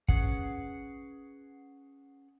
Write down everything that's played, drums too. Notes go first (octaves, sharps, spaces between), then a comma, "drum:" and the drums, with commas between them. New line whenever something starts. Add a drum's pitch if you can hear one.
C#4 G#4 B4 F#5, drum: kick